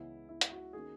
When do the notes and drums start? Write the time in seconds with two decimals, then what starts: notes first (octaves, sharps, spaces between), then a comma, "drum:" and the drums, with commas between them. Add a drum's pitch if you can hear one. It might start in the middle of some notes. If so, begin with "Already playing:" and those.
Already playing: C#2 C#3 E3 B3 E4
0.29 E4
0.41 drum: hi-hat
0.52 F#4
0.73 D#3 A#3 C#4 G#4